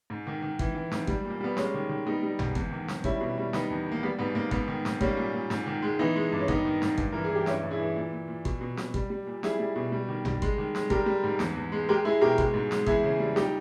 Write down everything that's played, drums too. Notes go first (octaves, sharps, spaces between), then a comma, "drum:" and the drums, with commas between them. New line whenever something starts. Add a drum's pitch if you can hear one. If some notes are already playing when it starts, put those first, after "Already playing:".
G#2
D#3
D#3
E3, drum: kick G#1
E3
G#2, drum: snare
G3, drum: kick G#1
A#2
A#3
G3 B3
G#3 A#3 C#4, drum: snare
D#3
D#3
G3 B3 D#4
G3
G#2, drum: tom
E2, drum: kick G#1
D#3
D#3, drum: snare
G3 C#4 E4, drum: kick G#1
B2
G3
D#3 B3 D#4, drum: snare
E2
D#3
A#3
G3 B3
G#2 B3
G#2 A#3
G#2 B3, drum: kick G#1
D#3
G#2, drum: snare
G3 A#3 C#4, drum: kick G#1
A#2
A#2
G#2, drum: snare
D#3
G#3
E3 B3 D#4
G#3
G2
C#4
D#3 B3 D#4, drum: kick G#1
D#3
G#2, drum: snare
G2, drum: kick G#1
E3 A#4
G#4
E3
G4
G2 C#4 E4, drum: snare
G2
E4 G#4
E3
A#2
A#2
A#2
B2, drum: kick G#1
B2
B2, drum: snare
G3, drum: kick G#1
G3
A#2
G3 E4 G#4, drum: snare
G3
B2
G3
D#3
G3, drum: tom
G#3, drum: kick G#1
D#3
G#3, drum: snare
G3 G4 A#4, drum: kick G#1
G3
G#2
E2, drum: snare
E2
G#3
G#3 G4 A#4
G#3 E4 G#4
B2 G4 A#4
G#3, drum: kick G#1
G#2
G#3, drum: snare
E2 E4 G#4, drum: kick G#1
C#3
G3
A#2 D#4 G4, drum: snare